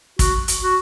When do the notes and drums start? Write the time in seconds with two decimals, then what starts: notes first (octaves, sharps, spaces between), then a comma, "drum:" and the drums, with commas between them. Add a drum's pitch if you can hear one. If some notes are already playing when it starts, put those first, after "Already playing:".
0.19 F#4, drum: kick, hi-hat
0.48 drum: hi-hat
0.62 F#4